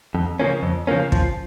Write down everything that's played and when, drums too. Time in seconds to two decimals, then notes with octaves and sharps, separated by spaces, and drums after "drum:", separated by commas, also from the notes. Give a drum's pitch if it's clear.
0.15 F2
0.40 C#3 F3 A#3 C#4
0.63 F2
0.87 C#3 F3 A#3 C#4
1.12 F3, drum: kick